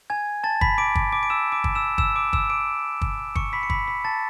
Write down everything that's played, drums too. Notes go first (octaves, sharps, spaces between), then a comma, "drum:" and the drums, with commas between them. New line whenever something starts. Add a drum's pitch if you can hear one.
G#5 G#6
A5 A6
B5 B6, drum: kick
D6 D7
drum: kick
D6 D7
D7
E6 E7
D6 D7
drum: kick
E6 E7
E6 E7, drum: kick
D6 D7
E6 E7, drum: kick
D6 D7
drum: kick
C#6 C#7, drum: kick
B5 B6
C#7
B5 B6, drum: kick
B5 B6
A5 A6